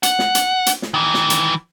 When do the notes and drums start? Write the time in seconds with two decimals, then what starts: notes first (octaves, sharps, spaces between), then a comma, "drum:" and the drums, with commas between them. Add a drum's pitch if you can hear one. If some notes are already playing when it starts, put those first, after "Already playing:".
0.03 F#5, drum: hi-hat
0.19 drum: snare
0.35 drum: hi-hat
0.66 drum: hi-hat
0.82 drum: snare
0.94 D#3 E3
1.14 drum: snare
1.30 drum: hi-hat